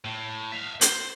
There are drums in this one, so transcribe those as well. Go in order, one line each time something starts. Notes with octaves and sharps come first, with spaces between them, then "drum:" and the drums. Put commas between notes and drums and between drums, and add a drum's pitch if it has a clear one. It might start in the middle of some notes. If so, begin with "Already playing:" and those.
A2
E5 F5
C5, drum: hi-hat